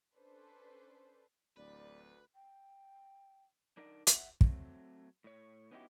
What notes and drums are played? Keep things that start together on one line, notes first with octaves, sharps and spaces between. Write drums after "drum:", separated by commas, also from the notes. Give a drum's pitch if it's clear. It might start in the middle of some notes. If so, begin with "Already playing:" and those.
C#4 D4 A4 B4 C5
D1 D2 B4 D5
G5
D4 D#4 A#4 D5
E5 F#5, drum: hi-hat
F#3 A3 C4, drum: kick
A2 C#5
B3 C#4 D#4 E4 F#4 G4